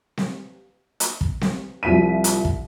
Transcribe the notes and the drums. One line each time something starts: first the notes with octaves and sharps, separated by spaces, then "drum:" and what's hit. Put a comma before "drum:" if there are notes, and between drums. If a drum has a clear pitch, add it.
drum: snare C4
drum: hi-hat
drum: kick
drum: snare C4
C2 F3 E5 B6 D#7
drum: hi-hat
drum: kick